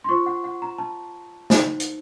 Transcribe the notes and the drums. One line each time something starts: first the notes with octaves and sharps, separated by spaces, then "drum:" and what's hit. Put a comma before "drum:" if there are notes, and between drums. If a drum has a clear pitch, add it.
C6
F4 C5 C#6
F#5
F#5
A#5
A5
D#4 F#4 C5, drum: snare
drum: hi-hat